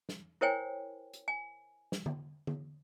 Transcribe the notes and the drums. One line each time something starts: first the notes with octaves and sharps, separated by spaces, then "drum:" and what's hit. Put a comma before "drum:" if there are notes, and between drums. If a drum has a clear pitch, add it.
drum: snare
E4 A#4 C5 C#5 G5 G#5
drum: hi-hat
G#5
drum: snare
drum: tom D3
drum: tom D3